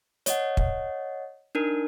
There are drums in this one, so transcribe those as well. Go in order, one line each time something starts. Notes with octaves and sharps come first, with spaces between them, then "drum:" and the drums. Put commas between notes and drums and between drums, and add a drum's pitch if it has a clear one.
C#5 D#5 F#5, drum: hi-hat
drum: kick
D4 D#4 A#4